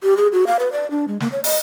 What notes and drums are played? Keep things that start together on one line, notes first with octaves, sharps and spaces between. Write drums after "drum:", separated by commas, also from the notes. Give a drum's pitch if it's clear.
G4
G#4
F#4
F5
B4
D5
D4
G#3
A#3, drum: snare
C#5
D#5, drum: open hi-hat